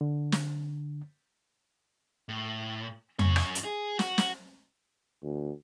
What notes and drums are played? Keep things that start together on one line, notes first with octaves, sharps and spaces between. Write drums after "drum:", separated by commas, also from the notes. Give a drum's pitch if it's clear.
D3
drum: snare
A2
F#2 C#5, drum: tom F2
drum: rim click
drum: hi-hat
G#4
F#4, drum: snare
drum: snare
D2